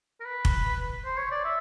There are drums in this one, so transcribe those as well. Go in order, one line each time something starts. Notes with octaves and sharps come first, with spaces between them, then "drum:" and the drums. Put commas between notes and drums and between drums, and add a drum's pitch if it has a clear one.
A#4
B4
drum: kick F1
C5
C#5
D5
E5